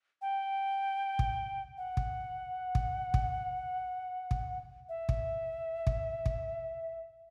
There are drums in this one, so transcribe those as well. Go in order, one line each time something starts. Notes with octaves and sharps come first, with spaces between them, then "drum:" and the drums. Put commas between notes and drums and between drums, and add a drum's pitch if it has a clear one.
G5
drum: kick
F#5
drum: kick
drum: kick
drum: kick
drum: kick
E5
drum: kick
drum: kick
drum: kick